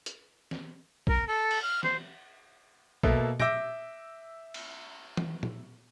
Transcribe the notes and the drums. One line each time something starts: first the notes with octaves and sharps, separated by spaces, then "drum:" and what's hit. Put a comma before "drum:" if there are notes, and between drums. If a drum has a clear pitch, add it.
drum: hi-hat
drum: snare
A#4, drum: kick
A4
drum: cymbal
F6
C5, drum: snare
B2 A#3 A4 E5, drum: kick
E5 D6 E6 G6 A#6 D7, drum: tom
drum: cymbal
drum: tom
drum: tom